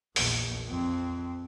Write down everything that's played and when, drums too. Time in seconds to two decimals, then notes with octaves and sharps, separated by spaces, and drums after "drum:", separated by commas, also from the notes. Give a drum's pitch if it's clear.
0.16 A#1 E2, drum: open hi-hat
0.68 F2 C4